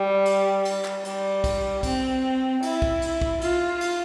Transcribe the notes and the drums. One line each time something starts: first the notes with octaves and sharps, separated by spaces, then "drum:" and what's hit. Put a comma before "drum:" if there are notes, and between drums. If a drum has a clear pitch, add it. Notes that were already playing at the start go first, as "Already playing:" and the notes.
Already playing: G3
drum: cymbal
drum: cymbal
drum: clap
G3, drum: cymbal
drum: kick, cymbal
C4, drum: kick, cymbal
E4, drum: cymbal
drum: kick
drum: cymbal
drum: kick
F4, drum: cymbal
drum: cymbal